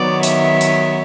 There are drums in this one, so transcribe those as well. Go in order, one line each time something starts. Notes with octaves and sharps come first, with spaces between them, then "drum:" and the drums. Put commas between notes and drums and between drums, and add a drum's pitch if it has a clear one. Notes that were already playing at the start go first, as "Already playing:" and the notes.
Already playing: D#3 F#3 B3 D5
E5, drum: hi-hat
drum: hi-hat